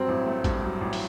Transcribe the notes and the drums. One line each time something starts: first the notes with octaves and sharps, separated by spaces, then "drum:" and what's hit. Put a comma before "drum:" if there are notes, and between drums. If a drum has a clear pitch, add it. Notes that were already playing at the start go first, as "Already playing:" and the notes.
Already playing: G2 F#3 C4
A1
A3
G2, drum: kick, hi-hat
F#3
A1
drum: open hi-hat